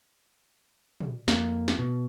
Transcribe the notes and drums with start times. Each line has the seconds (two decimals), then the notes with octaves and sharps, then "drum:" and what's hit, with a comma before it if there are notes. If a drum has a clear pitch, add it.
1.00 drum: tom
1.28 F2 A#3, drum: snare
1.68 drum: snare
1.79 B2